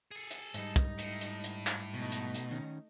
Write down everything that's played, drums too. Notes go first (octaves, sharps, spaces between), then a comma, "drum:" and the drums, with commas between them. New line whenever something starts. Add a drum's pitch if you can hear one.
G#4 A4
drum: hi-hat
G#2 G3 D#4, drum: hi-hat
drum: kick, hi-hat
A2, drum: hi-hat
drum: hi-hat
drum: hi-hat
drum: clap
B2 A3 D#4
drum: hi-hat
drum: hi-hat
D#3 C#4